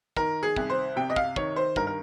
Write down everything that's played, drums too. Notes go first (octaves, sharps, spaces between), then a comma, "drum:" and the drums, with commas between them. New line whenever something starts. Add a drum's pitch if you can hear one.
D#3 A#4, drum: kick
G#4
C2, drum: kick
C5
C3 G5
D#5
F5, drum: kick
D#3 C#5, drum: kick
C5
G2 A#4, drum: kick
A#4